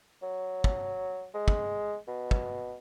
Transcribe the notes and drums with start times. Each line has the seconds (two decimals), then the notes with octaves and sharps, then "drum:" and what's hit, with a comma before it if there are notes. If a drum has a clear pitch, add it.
0.23 F#3
0.64 drum: kick
1.34 G#3
1.48 drum: kick
2.08 B2
2.31 drum: kick